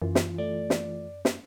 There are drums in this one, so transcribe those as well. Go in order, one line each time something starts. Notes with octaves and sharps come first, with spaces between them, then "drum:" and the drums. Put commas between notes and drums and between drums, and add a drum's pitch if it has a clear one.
F#2 E3 F4
drum: snare
A3 D5
drum: snare
drum: snare